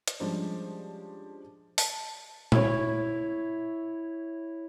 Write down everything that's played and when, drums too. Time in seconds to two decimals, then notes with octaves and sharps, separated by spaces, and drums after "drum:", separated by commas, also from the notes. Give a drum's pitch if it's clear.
0.08 drum: hi-hat
0.20 F3 G3 G#3 C#4 D4 C5
1.78 A5, drum: open hi-hat
2.52 E4 C#5, drum: tom A#2